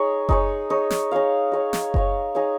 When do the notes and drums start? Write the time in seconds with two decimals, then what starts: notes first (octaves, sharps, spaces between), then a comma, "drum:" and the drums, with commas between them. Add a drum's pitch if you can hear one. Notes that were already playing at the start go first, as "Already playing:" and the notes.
Already playing: D#4 G#4 C#5
0.29 D#4 G#4 C#5, drum: kick F#1
0.70 D#4 G#4 C#5
0.90 drum: snare
1.11 D#4 G#4 C#5 F5
1.52 D#4 G#4 C#5 F5
1.73 drum: snare
1.94 D#4 G#4 C#5 F5, drum: kick F#1
2.35 D#4 G#4 C#5 F5